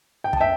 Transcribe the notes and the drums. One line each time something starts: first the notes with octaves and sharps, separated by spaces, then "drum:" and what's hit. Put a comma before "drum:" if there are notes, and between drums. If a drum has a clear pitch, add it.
G5
A5, drum: kick
E5 G5